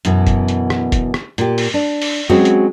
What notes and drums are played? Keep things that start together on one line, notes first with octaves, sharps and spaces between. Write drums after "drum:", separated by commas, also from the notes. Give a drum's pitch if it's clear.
F#2 B2 E3, drum: hi-hat
drum: kick, hi-hat
drum: hi-hat
drum: rim click
drum: kick, hi-hat
drum: rim click
A#2 G4, drum: hi-hat
drum: open hi-hat
D4
drum: open hi-hat
F#3 G#3 C4 C#4 F#4
drum: hi-hat